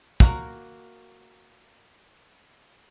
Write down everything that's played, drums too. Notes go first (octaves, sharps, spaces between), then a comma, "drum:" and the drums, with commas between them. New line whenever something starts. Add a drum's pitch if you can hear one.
A#3 F#4 A#4 A#5, drum: kick